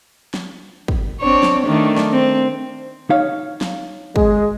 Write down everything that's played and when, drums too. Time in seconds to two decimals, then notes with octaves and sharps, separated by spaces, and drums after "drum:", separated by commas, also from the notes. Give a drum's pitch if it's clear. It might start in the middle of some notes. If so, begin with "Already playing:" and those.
0.34 drum: snare
0.88 drum: kick
1.21 C4 D4 C#5
1.43 drum: snare
1.64 D#3 A3 D4
1.97 drum: snare
2.11 C4
3.10 D#4 C#5 F5
3.61 drum: snare
4.16 G#3, drum: kick